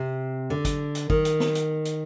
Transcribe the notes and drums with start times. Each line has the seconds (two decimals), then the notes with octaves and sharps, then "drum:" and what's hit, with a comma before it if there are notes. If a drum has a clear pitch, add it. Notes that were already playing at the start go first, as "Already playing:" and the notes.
Already playing: C3
0.50 D3
0.65 drum: kick, hi-hat
0.95 drum: hi-hat
1.10 D#3, drum: kick
1.25 drum: hi-hat
1.40 drum: snare
1.55 drum: hi-hat
1.85 drum: hi-hat